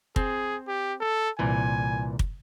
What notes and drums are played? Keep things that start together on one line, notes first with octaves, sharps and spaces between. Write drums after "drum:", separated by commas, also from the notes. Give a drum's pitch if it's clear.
C4 G#4, drum: kick
G4
A4
C2 A#2 E3 G#5
drum: kick